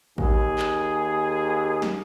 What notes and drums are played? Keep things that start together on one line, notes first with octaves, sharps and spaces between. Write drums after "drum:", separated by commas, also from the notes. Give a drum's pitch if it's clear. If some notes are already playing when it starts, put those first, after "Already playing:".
D#2 G#4, drum: kick A1
drum: clap
drum: snare